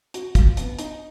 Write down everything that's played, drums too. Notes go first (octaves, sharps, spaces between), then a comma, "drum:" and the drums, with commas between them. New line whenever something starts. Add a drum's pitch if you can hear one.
F#4, drum: hi-hat
F4, drum: kick, hi-hat
B3, drum: hi-hat
D#4, drum: hi-hat